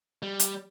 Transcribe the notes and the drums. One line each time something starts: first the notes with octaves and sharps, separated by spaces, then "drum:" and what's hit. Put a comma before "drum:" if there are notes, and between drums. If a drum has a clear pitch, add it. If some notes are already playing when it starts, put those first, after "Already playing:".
G3
drum: hi-hat